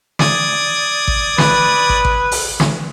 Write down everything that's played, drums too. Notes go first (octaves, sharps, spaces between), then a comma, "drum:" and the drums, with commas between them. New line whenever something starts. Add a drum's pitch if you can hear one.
D5 D#6 G#6, drum: snare
drum: kick
B4, drum: snare
drum: kick
drum: kick
drum: open hi-hat
drum: snare